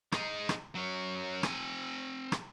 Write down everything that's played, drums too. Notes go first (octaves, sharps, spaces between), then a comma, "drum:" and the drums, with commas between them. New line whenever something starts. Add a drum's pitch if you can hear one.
G#3 D#4, drum: rim click
drum: rim click
F#3 C#4
C4 G#5, drum: rim click
drum: rim click